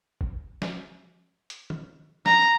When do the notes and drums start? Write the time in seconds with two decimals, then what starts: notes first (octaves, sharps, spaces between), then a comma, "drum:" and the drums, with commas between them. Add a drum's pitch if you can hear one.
0.21 drum: kick G1
0.62 drum: snare
1.50 drum: hi-hat
1.70 drum: tom D#3
2.26 A#5, drum: snare